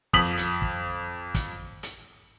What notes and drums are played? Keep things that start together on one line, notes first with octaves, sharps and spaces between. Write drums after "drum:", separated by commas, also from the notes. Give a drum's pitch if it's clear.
F2 D#6 B6 F#7, drum: kick
drum: hi-hat
drum: kick
drum: kick, hi-hat
drum: hi-hat